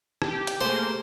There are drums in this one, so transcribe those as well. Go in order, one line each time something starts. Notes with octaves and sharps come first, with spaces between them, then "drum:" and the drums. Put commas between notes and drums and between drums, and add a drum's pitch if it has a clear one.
G4, drum: rim click
drum: hi-hat
A3 A#3 G4 G#4 C5